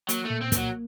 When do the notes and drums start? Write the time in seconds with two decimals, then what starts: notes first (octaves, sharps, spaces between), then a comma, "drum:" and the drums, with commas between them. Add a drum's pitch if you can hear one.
0.09 F#3 A#3, drum: hi-hat
0.25 A3
0.30 A#2
0.41 C4
0.52 A#3, drum: kick, hi-hat
0.57 F#3